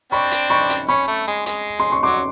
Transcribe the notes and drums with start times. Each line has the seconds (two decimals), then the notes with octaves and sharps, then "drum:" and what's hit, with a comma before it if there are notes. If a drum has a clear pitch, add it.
0.12 C4 D4 B5 C#6
0.31 drum: hi-hat
0.50 B5 C#6
0.69 drum: hi-hat
0.88 C#4 B5 C#6
1.08 A3
1.27 G#3
1.46 G#3, drum: hi-hat
1.80 C6
1.92 C#6
2.03 F#3 C6 D6